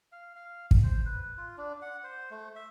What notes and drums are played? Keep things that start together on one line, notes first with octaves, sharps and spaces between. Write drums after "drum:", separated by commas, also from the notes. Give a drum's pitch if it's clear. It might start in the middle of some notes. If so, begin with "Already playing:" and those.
F5
F5
drum: kick
C5
B4
F4
D4
F#5
C5
A3
E5